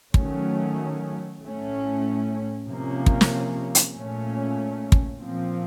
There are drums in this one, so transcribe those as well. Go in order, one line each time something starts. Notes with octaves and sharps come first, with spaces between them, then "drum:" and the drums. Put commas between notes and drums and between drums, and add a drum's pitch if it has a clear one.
D#3 F#3 A3 C#4, drum: kick
A2 A3 C#4
C3 F3 A#3 C#4
drum: kick
drum: snare
drum: hi-hat
A#2 A3 C#4
drum: kick
A#2 F3 C4